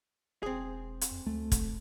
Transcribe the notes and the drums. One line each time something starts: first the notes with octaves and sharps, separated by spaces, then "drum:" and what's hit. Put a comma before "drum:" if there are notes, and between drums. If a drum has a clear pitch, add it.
E1 C4 G#4
drum: hi-hat
F2
D2 A3
drum: kick, hi-hat